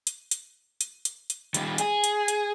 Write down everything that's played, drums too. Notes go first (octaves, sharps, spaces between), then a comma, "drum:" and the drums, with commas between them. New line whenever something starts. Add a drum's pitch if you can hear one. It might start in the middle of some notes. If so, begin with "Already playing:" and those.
drum: hi-hat
drum: hi-hat
drum: hi-hat
drum: hi-hat
drum: hi-hat
D#3 G3, drum: hi-hat
G#4, drum: hi-hat
drum: hi-hat
drum: hi-hat